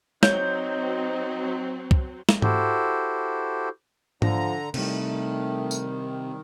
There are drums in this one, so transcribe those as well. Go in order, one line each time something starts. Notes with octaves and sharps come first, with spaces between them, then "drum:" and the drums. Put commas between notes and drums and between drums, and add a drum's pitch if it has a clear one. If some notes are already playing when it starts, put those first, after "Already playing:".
F#3 C4 D#4 C#5 G6, drum: snare
drum: kick
drum: snare
E4 F#4 G4 A4 C5, drum: tom G#2
D3 F3 A#5, drum: tom G#2
C3 D#3 G3 A3, drum: cymbal
drum: tambourine